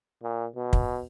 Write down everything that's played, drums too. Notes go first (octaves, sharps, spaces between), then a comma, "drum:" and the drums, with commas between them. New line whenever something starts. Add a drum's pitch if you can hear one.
A#2
B2
drum: kick